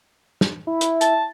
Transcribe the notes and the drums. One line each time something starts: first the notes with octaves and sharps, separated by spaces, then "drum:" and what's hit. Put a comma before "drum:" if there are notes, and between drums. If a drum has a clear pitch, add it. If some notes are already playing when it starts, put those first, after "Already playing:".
drum: snare
E4
drum: hi-hat
A5, drum: hi-hat